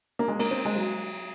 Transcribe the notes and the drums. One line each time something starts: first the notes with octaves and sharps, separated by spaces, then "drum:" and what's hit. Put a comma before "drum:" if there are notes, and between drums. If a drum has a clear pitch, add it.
A#3
G#3
A#3, drum: cymbal
C4
G#3
F#3